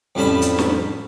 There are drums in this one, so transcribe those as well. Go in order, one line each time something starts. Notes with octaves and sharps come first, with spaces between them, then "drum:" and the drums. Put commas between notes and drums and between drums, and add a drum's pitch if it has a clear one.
F2 A2 G3 C#4 A5 B5
drum: hi-hat
drum: snare